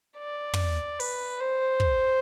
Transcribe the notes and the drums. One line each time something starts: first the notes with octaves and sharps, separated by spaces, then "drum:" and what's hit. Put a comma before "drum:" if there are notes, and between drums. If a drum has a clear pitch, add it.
D5
drum: tom
B4, drum: open hi-hat
C5
drum: kick